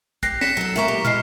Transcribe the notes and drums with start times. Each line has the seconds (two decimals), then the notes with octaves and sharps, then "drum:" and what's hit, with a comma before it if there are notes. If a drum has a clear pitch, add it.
0.23 G4 F#6 A#6 C7, drum: kick, hi-hat
0.41 B6 C#7 E7, drum: snare
0.57 F#3 A4
0.76 F#2 A#3 E5 A#5 C#6
0.88 G4
1.05 E3 G#3 D#5 F6 C7, drum: tom